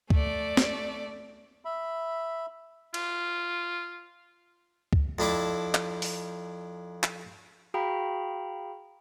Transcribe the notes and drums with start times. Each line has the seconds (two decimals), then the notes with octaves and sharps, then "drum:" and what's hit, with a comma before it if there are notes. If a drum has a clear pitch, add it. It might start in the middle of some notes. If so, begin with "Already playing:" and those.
0.10 A3 D5, drum: kick C#2
0.57 drum: snare
1.65 E5 B5
2.94 F4, drum: cymbal
4.93 drum: kick C#2
5.19 F2 D4 E4 D6
5.75 drum: clap
6.02 drum: open hi-hat
7.03 drum: clap
7.74 F#4 G#4 F5 G5 A#5 B5